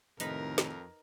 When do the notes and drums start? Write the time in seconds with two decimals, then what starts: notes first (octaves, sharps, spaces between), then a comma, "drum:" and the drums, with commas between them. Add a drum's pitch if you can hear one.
0.20 F2 A2 C3 D#3 D#4 A#4 B4, drum: hi-hat
0.58 drum: snare